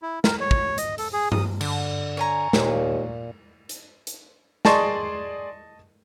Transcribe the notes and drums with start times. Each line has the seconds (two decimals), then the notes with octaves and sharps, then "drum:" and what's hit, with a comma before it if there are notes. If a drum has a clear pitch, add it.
0.02 E4
0.24 A#4, drum: snare
0.41 C#5
0.51 drum: kick
0.78 D#5, drum: hi-hat
0.98 A4, drum: open hi-hat
1.13 G#4
1.32 D#6, drum: tom G2
1.61 D3, drum: cymbal
2.17 C#5 G#5 A#5
2.53 D#2 A#2, drum: snare
3.69 drum: hi-hat
4.07 drum: hi-hat
4.65 G#4 D5 D#5 A5 C6 C#6, drum: snare